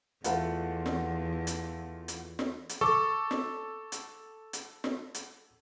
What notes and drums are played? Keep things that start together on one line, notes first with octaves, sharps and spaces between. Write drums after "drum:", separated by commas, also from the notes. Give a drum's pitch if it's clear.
E2 A3 F4 F#5, drum: hi-hat
drum: snare
drum: hi-hat
drum: hi-hat
drum: snare
drum: hi-hat
A4 C#6 D6
drum: snare
drum: hi-hat
drum: hi-hat
drum: snare
drum: hi-hat